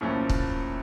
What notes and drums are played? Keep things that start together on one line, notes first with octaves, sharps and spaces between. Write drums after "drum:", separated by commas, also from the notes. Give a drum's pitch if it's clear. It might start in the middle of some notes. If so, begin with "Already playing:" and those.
C2 A#2 F3 A3 C#4
drum: kick